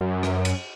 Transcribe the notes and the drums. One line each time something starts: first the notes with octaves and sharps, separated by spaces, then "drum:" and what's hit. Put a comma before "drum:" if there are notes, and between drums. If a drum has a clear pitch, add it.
F#2
drum: rim click
drum: cymbal